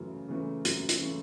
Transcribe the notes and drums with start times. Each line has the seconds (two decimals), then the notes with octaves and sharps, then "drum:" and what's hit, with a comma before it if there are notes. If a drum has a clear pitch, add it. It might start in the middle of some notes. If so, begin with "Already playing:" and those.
Already playing: F#2 C#3 E3 A3
0.28 C#3 E3 A3
0.65 F#2, drum: hi-hat
0.89 drum: hi-hat
1.01 C#3 E3 A3